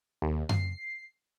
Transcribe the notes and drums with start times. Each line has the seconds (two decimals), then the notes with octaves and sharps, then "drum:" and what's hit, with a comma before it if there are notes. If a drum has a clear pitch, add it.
0.22 D#2
0.49 C7, drum: tom F#2